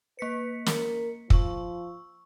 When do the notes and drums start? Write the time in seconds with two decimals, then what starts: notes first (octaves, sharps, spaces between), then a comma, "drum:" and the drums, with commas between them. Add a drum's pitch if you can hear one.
0.19 A#3 B4 B6 C#7
0.66 A#4, drum: snare
1.30 F3 C#6 E6, drum: kick